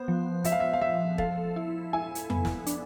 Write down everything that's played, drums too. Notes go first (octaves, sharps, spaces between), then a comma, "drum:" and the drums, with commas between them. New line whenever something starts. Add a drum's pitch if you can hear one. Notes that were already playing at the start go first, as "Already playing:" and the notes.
Already playing: B3 C5
F3
F3 E5, drum: hi-hat
F5
E5
F5
F3 E5
A4 F5, drum: kick
E4
E4 G#5
drum: hi-hat
B3, drum: tom F2
drum: snare
D4, drum: hi-hat